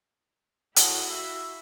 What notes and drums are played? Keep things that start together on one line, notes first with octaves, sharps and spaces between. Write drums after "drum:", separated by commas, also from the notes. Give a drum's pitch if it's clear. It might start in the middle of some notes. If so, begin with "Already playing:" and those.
A2 E4 F#4 G#4 A4 F#5, drum: hi-hat
E5 F5